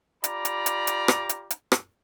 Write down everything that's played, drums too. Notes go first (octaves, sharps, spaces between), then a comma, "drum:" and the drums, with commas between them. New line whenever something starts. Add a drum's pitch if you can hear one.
F4 G4 D5 A#5 B5, drum: hi-hat
drum: hi-hat
drum: hi-hat
drum: hi-hat
drum: rim click
drum: hi-hat
drum: hi-hat
drum: rim click